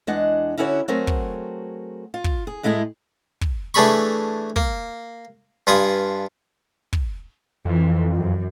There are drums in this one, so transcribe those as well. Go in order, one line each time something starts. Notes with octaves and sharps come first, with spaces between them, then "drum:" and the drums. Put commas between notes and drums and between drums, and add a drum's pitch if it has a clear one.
E2 G#3 D4 D#5 F#5
D3 C#4 E4 F#4 B4 C#5
F#3 A3 C4 F#4 G#4 A#4
drum: kick
F4
drum: kick
G#4
A2 G#3 A3 E4 F#4 G#4
drum: kick
E3 A3 D4 G#4 B5 C#6
A#3, drum: kick
G2 F4 B4 G#5 D#6
drum: kick
F2 E3
F#2